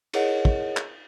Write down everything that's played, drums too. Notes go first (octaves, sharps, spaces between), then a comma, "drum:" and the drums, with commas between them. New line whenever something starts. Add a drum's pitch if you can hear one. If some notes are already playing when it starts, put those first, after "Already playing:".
E4 G#4 A#4 C#5 D#5 F#5, drum: cymbal
drum: kick
drum: clap